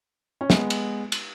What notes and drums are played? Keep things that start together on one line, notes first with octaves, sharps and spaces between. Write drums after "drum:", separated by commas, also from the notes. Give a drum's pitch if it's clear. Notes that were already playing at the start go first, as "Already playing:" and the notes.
C#4
G#3 B3, drum: snare
drum: cymbal
drum: cymbal